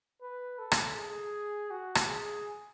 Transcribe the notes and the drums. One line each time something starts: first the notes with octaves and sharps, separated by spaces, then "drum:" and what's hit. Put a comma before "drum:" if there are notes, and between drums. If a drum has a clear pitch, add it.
B4
A4
drum: rim click
G#4
F#4
drum: rim click
G#4